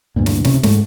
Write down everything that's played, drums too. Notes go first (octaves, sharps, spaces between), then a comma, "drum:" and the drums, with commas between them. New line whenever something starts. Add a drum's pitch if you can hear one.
D2 G2 A#2
drum: snare
C3 C#4, drum: snare
G#2 G#3 A3, drum: snare